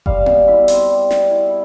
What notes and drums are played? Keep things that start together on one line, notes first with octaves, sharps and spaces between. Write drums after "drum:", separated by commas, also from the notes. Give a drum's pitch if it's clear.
G3 F5, drum: kick F#1
B2, drum: tom A#3
E4 E5
C4, drum: hi-hat
G3
B2, drum: snare
E4